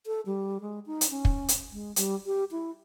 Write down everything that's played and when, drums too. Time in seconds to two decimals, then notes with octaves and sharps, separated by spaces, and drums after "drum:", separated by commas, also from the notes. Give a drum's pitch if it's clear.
0.07 A4
0.26 G3
0.61 G#3
0.86 D#4
1.01 drum: hi-hat
1.10 C#4
1.25 drum: kick
1.48 drum: hi-hat
1.72 G#3
1.96 G3, drum: hi-hat
2.26 G4
2.51 E4